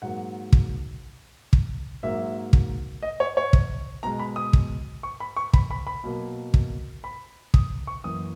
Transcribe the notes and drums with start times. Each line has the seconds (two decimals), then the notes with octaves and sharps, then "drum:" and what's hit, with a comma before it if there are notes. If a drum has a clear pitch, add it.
0.02 G#2 F#3 A#3 F#5
0.53 drum: kick
1.53 drum: kick
2.03 G#2 F#3 A#3 E5
2.53 drum: kick
3.03 D#5
3.20 C#5
3.37 C#5
3.53 drum: kick
4.03 B2 G#3 A#5
4.19 B5
4.36 D#6
4.53 drum: kick
5.03 C#6
5.20 B5
5.37 C#6
5.53 B5, drum: kick
5.71 B5
5.87 B5
6.04 B2 F#3 A#3
6.54 drum: kick
7.04 B5
7.54 D#6, drum: kick
7.87 C#6
8.04 F#2 E3 A#3 D#6